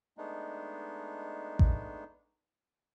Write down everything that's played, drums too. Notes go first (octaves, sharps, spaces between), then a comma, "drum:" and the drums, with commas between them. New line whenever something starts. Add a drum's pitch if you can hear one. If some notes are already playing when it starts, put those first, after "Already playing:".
G#3 A3 B3 D4 D#4
drum: kick A1